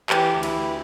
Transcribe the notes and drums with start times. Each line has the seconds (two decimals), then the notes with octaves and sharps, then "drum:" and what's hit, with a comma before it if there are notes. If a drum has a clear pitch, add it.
0.10 E3 G4, drum: clap
0.32 D2
0.43 E4, drum: cymbal
0.53 D2